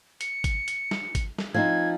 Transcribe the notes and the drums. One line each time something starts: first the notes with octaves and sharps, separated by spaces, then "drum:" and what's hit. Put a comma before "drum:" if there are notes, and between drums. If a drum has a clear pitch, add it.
C#7, drum: hi-hat
drum: kick G#1, hi-hat
drum: hi-hat
drum: snare
drum: kick G#1, hi-hat
drum: snare
F3 C4 D#4 G#6